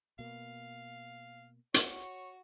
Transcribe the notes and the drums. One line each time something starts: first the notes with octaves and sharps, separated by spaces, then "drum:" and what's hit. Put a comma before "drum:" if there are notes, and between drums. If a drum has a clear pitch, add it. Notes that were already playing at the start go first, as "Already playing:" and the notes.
B2 A#3 F5
F#4 C#5, drum: hi-hat